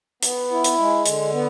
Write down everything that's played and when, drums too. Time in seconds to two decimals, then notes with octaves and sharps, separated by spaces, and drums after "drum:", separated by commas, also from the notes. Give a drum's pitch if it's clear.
0.23 B3, drum: hi-hat
0.51 E4
0.64 drum: hi-hat
0.78 G#3
1.06 D3, drum: hi-hat
1.33 B3